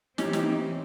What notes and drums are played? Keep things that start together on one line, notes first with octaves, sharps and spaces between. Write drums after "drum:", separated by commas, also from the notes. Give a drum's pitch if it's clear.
E3 C4 C#4 D#4 G4, drum: snare
drum: snare